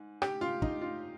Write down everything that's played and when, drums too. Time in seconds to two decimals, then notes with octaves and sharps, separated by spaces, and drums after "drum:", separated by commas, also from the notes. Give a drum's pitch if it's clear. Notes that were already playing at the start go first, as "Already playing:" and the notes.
Already playing: G#2
0.22 G4, drum: rim click
0.41 F4
0.62 D#4, drum: kick
0.82 F4